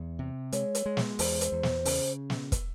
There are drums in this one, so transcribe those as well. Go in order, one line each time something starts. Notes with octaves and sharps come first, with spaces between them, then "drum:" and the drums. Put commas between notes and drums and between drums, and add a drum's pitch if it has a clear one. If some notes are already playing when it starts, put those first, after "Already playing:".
Already playing: E2
C3
G#3 C#5, drum: hi-hat
drum: hi-hat
G#3
drum: snare
E2 C5, drum: open hi-hat
drum: hi-hat
E2
drum: snare
C#3, drum: open hi-hat
drum: snare
drum: kick, hi-hat